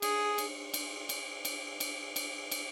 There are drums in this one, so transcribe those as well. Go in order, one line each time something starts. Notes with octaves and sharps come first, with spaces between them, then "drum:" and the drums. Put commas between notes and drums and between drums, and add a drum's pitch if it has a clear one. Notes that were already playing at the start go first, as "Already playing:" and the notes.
G#4, drum: cymbal
drum: cymbal
drum: cymbal
drum: cymbal
drum: cymbal
drum: cymbal
drum: cymbal
drum: cymbal